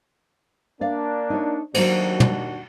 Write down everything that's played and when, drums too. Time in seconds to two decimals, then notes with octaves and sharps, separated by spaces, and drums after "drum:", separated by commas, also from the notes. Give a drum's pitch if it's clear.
0.81 A#3 D4 D5 F5
1.30 D#4 C#5
1.74 D#2 F#3 A#3 D4 F#4 C5, drum: cymbal
2.20 drum: tom